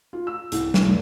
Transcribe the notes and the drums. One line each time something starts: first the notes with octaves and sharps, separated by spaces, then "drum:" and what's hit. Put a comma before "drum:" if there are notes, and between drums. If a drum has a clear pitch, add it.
F4
E6
C2, drum: hi-hat
drum: snare
F1